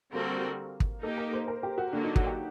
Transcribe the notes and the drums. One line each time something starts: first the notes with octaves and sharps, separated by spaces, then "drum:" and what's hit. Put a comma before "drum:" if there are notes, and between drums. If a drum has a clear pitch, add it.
D3 G3 A#3 C4 F#4 A#4
drum: kick
A#3 D#4 G4 A4
A#4
C5
A#4
G4
F#4
D3 F#3 A#3 D4
D#4
F#4, drum: kick
G4